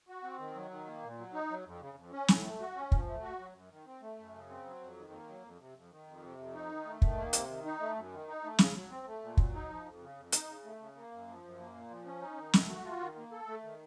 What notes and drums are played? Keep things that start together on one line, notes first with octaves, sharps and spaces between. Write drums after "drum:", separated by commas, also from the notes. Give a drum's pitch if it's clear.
F#4
C4
D#3
F#3
D#3
A#3
A#2
F#3
D#4
F#3
F2
C#3
F2
C#4
A2, drum: snare
A3
F#4
C#4
F3, drum: kick
A3
F#4
F#3
F#2
D#3
C4
A3
F#2
C#3
C4
F#3
F2
D#3
A#3
F#3
F2
C3
F2
D#3
F2
C3
F2
D#4
D#3
A3
D#3, drum: kick
A#3
C3, drum: hi-hat
D#3
D#4
A3
F#2
D#3
D#4
A3
C#3, drum: snare
F#3
C4
A3
A#2
F#3, drum: kick
D#4
F3
F2
C#3
F2
D#4, drum: hi-hat
C#3
A3
C#3
A#3
F#2
F3
F#2
A#3
A#2
F3
C#4
D#4
D#3
A3, drum: snare
F#4
F4
D#3
A#3
A4
A3
D#3